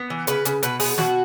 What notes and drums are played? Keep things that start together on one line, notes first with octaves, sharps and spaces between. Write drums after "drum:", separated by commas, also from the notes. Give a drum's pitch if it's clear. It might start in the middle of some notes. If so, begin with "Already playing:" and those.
Already playing: B3
E3
C#3 B4, drum: hi-hat
C#3, drum: hi-hat
B2 B4, drum: hi-hat
B3 G#4, drum: open hi-hat
B2 F#4, drum: snare